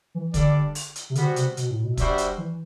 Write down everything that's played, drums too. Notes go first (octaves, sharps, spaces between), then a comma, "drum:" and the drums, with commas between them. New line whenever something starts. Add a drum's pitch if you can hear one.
E3
D3 G3 D4 A4 D5, drum: kick, hi-hat
drum: open hi-hat
drum: hi-hat
C3
D3 G3 B3 F#4 C5, drum: hi-hat
C3, drum: hi-hat
B2, drum: hi-hat
A2
B2
G3 D4 F#4 C5 E5, drum: kick, hi-hat
drum: hi-hat
E3